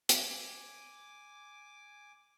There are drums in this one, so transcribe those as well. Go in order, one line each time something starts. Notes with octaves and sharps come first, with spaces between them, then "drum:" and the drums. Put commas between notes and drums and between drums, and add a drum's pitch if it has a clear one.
G#5 D6, drum: hi-hat